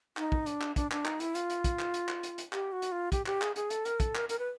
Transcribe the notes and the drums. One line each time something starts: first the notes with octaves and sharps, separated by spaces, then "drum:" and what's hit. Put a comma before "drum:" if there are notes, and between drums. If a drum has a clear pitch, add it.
D#4, drum: clap
drum: kick
D4, drum: hi-hat
drum: clap
D4, drum: kick, hi-hat
D4, drum: clap
D#4, drum: clap
E4, drum: hi-hat
F4, drum: hi-hat
drum: hi-hat
drum: kick, hi-hat
drum: clap
drum: hi-hat
drum: clap
drum: hi-hat
drum: hi-hat
G4, drum: clap
F#4
drum: hi-hat
F4
G4, drum: kick, hi-hat
G4, drum: clap
G#4, drum: clap
G#4, drum: hi-hat
A4, drum: hi-hat
A#4, drum: hi-hat
A4, drum: kick, hi-hat
A#4, drum: clap
A#4, drum: hi-hat
B4